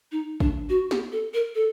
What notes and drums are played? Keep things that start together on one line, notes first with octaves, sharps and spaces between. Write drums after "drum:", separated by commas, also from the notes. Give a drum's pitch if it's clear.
D#4
D4, drum: kick
F#4
G4, drum: snare
A4
A#4
A4